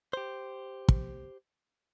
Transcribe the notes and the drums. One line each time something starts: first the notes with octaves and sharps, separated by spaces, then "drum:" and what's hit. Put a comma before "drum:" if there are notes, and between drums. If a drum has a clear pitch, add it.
G4 C5
drum: kick